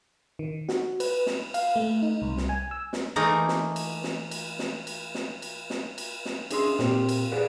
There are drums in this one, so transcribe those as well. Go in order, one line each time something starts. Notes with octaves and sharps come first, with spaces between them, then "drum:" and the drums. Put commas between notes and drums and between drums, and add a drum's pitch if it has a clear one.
D#3
F#4, drum: snare
B4, drum: cymbal
drum: snare
F5, drum: cymbal
A3
D#4
C2
drum: snare
G#5
E6
drum: snare
E3 A3 A#3 D#4
drum: snare
drum: cymbal
drum: snare
drum: cymbal
drum: snare
drum: cymbal
drum: snare
drum: cymbal
drum: snare
drum: cymbal
drum: snare
C#4 D4 G#4 D#5 E5 C6, drum: cymbal
A#2 A#3 C4 G4, drum: snare
drum: cymbal
G#4 B4 D5 F5 F#5